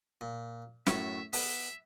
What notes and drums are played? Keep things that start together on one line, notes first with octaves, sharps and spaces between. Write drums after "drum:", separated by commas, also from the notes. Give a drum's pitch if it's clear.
A#2
F#2 A2 E5 C#6, drum: snare
B3 E5, drum: open hi-hat